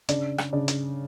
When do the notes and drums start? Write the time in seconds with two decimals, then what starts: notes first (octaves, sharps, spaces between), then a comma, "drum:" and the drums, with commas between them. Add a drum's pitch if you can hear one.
0.09 C#3 D4 D5, drum: hi-hat
0.38 drum: rim click
0.53 C#3 D4 D5
0.68 drum: hi-hat